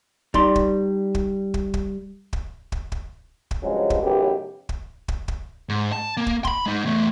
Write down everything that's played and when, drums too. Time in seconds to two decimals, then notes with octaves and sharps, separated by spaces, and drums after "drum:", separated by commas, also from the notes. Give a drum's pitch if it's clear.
0.34 G3 D#4 D5 C6, drum: kick
0.55 drum: kick
1.15 drum: kick
1.54 drum: kick
1.74 drum: kick
2.33 drum: kick
2.72 drum: kick
2.92 drum: kick
3.51 drum: kick
3.63 G2 C#3 F3 F#3 G#3
3.90 drum: kick
4.03 A1 F#2 C#3 B3 D#4 G4
4.69 drum: kick
5.08 drum: kick
5.28 drum: kick
5.69 G#2
5.92 A5
6.17 A#3
6.26 drum: kick
6.45 B5 C6, drum: kick
6.66 G#3 D#4
6.85 E2 A3